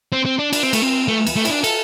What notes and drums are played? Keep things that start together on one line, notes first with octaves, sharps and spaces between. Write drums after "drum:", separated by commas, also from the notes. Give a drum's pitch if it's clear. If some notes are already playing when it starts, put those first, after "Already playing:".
C4
C4
D4
D4, drum: cymbal
C4
A3, drum: cymbal
C4
A3
drum: cymbal
A3
E4, drum: cymbal
D4
A4, drum: cymbal